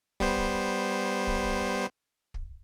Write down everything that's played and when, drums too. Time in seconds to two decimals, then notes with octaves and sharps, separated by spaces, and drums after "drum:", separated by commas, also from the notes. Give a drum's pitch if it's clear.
0.20 G3 B3 C5, drum: kick
0.38 drum: kick
1.27 drum: kick
1.45 drum: kick
2.34 drum: kick